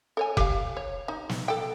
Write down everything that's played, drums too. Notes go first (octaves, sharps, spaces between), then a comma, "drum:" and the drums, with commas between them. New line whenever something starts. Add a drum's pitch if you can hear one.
A4 C#5 G#5
G4 F5, drum: kick F1
C#5
D#4
drum: snare
A4 G5